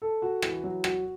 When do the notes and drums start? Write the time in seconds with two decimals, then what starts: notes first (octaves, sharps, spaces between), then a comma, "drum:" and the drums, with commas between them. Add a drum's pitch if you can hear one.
0.02 A4
0.22 F#4
0.42 E3, drum: rim click
0.64 F#3
0.84 F#4, drum: rim click